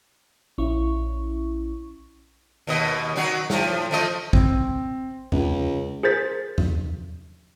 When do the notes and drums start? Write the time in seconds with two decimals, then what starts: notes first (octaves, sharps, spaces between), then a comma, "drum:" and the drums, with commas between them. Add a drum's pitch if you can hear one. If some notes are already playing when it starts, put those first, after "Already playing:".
0.58 A#1 C#4 E4 C#6
2.67 D#2 B2 D#5
3.16 D#3 F#3 F#4
3.50 A2 F3, drum: snare
3.91 F3 A3 D#5
4.33 C4, drum: kick A1
5.32 C#2, drum: tom E2
6.03 G#4 A#4 C5 A6 B6
6.58 drum: tom E2